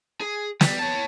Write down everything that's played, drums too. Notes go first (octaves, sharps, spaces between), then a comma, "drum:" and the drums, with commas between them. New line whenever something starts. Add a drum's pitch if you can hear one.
G#4
G3, drum: snare
C#5 A5